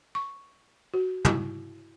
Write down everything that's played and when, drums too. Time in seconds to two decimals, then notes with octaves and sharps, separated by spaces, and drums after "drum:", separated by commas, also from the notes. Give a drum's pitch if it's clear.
0.15 C#6
0.94 F#4
1.25 E4, drum: tom